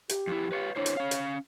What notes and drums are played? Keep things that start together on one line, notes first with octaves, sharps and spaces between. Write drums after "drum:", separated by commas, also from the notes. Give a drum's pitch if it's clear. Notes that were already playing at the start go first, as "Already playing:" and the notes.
G4, drum: hi-hat
F2 E4
B4 C#5 F5
D4 E4 C5 C#5
drum: hi-hat
C#4 F5
drum: hi-hat